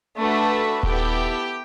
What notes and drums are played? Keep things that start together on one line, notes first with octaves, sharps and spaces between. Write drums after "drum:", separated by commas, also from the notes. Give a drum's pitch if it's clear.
A3 D4 F#4 A4 B4 B5
B3 E4 G4 A4 G5, drum: kick D#1